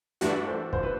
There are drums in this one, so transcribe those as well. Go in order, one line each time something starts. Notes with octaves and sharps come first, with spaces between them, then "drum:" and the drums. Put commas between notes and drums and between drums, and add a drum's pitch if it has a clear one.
G2 E3 A3 D4 F#4 G4 B4, drum: hi-hat
A4 C5
C5, drum: kick
B4